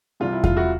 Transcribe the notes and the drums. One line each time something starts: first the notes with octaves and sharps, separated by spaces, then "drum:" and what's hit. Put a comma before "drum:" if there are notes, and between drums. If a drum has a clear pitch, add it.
C2 C3 E3 G3 F4
E4
F4, drum: kick E2
E4 F#4